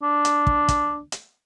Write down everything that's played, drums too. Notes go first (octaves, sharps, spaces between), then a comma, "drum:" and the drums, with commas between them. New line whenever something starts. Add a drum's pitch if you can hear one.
D4
drum: hi-hat
drum: kick
drum: kick, hi-hat
drum: hi-hat